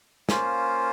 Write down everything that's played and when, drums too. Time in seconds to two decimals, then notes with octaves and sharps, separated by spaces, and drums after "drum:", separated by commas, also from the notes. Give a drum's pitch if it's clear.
0.29 A#3 C#4 F4 C5, drum: snare